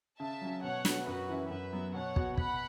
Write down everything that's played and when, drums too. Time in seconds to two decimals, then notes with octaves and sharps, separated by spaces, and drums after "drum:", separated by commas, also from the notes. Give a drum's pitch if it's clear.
0.19 C#3 E5 A5
0.42 F#3 C#4
0.63 B2 C#5 F#5
0.85 B3 F#4, drum: snare
1.07 F#2 F#4 B4
1.29 E3 C#4 E4
1.50 F#2 B4 E5
1.73 F#3 B3
1.94 B2 C#5 F#5
2.16 B3 F#4, drum: kick
2.37 B2 F#5 B5, drum: kick